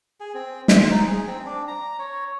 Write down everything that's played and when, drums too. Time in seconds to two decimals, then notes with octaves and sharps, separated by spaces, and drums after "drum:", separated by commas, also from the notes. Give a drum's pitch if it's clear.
0.20 G#4
0.34 C4
0.68 C5, drum: snare
0.90 D#4
1.07 G#4
1.27 C4
1.46 D4
1.68 A#5
1.99 C#5